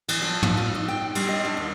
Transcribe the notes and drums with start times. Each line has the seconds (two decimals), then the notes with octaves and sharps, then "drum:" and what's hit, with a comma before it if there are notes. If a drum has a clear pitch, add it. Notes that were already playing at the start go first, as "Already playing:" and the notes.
0.08 E3, drum: cymbal
0.22 F3
0.43 F3, drum: tom
0.57 F4
0.75 D#4
0.88 G5
1.15 G3, drum: cymbal
1.28 D#5
1.45 D4
1.57 D#2